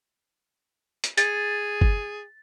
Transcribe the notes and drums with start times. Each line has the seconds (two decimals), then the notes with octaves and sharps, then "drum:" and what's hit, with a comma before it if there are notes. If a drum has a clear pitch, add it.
1.04 drum: hi-hat
1.18 G#4 A6, drum: hi-hat
1.81 drum: kick